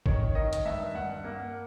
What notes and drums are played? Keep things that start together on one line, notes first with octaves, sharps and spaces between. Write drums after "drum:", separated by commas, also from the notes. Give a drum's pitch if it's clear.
D#3 C#5, drum: kick
D#3 D#5
drum: hi-hat
G2 E5
G2 F#5
A#3